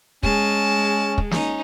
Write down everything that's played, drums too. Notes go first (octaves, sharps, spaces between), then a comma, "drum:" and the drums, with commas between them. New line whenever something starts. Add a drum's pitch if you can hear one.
G#3 C#4 A5, drum: kick
drum: kick
C#4 D#4, drum: snare